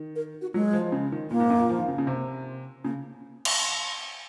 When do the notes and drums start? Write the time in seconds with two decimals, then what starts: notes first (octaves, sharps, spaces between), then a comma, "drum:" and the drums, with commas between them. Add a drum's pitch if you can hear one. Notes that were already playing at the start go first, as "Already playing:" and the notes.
Already playing: D#3
0.16 A#4
0.42 F#4
0.54 F#3 G#3
0.73 F3
0.92 C#3
1.12 D#3
1.31 A#2 A#3
1.40 G#2
1.50 F#2
1.59 A#2
1.69 F3
1.78 D#3
1.88 C#3
1.98 C#3
2.07 C3
2.84 C#3 A#3
3.45 drum: cymbal